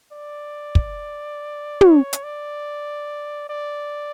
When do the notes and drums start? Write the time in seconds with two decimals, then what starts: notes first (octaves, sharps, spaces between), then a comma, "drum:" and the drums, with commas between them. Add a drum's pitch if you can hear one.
0.12 D5
0.75 drum: kick
1.81 C#5, drum: tom
2.13 drum: hi-hat
2.23 D5
3.50 D5